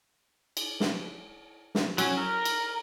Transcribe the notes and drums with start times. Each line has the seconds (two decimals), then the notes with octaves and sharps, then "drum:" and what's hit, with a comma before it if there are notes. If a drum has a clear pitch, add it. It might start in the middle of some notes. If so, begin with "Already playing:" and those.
0.57 drum: cymbal
0.80 drum: snare
1.75 drum: snare
1.98 F#3 C#4, drum: cymbal
2.17 A#4
2.45 drum: cymbal